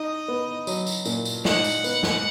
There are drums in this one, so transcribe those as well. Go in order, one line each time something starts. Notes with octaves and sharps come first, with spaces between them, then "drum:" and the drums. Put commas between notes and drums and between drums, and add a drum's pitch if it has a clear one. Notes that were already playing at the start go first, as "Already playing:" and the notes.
Already playing: D#4 D#5
B3
F#3, drum: tambourine
drum: tambourine
A#2, drum: tambourine
drum: tambourine
D#4 F#5, drum: snare
drum: tambourine
B3, drum: tambourine
drum: snare